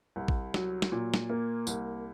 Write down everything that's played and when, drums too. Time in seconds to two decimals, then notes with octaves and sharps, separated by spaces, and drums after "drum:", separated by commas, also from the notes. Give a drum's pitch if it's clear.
0.16 C2
0.28 drum: kick A1
0.54 F#3, drum: snare
0.82 drum: snare
0.92 A#2
1.14 drum: snare
1.30 A#3
1.67 C2, drum: tambourine